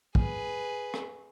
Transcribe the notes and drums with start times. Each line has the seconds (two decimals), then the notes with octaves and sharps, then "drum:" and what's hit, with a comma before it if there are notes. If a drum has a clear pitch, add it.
0.15 G#4 B4, drum: kick
0.94 drum: rim click